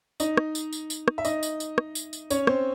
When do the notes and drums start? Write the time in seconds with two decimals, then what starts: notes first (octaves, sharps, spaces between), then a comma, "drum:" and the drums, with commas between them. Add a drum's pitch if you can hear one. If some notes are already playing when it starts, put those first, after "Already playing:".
0.20 D#4 D#5, drum: tambourine
0.37 drum: rim click
0.55 drum: tambourine
0.73 drum: tambourine
0.90 drum: tambourine
1.08 drum: rim click
1.18 E5
1.25 D#4 D#5, drum: tambourine
1.43 drum: tambourine
1.60 drum: tambourine
1.78 drum: rim click
1.95 drum: tambourine
2.13 drum: tambourine
2.30 C#4 C#5, drum: tambourine
2.47 C4 C5, drum: rim click